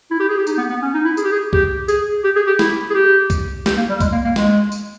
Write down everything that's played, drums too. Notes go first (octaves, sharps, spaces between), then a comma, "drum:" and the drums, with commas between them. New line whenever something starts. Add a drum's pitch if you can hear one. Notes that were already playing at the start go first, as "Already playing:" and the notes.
E4
G4
G#4
G4
D#4, drum: tambourine
B3
B3
C#4
D#4
E4
G#4, drum: tambourine
G4
G#4
G4, drum: kick C2
G#4, drum: tambourine
G4
G#4
G4
E4, drum: snare
G#4
G4
drum: kick C2, tambourine
G4, drum: snare
A#3
G3
G#3, drum: kick C2, tambourine
A#3
A#3
G#3, drum: snare
drum: tambourine